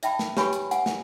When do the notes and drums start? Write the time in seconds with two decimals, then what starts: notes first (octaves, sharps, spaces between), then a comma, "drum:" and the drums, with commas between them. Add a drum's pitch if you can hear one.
0.03 D5 E5 G5 A5 B5, drum: hi-hat
0.19 drum: snare
0.37 G4 B4 C#5 G#5 B5 C#6, drum: snare
0.53 drum: hi-hat
0.71 F#5 G#5, drum: hi-hat
0.86 drum: snare